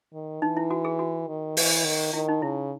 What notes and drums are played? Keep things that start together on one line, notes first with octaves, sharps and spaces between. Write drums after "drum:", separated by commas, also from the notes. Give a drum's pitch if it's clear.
D#3
E3 D#4
E4
F#4
G#4
F#4
D#3
E3, drum: open hi-hat
D#3
D#3 E4
D#4
C#3 E4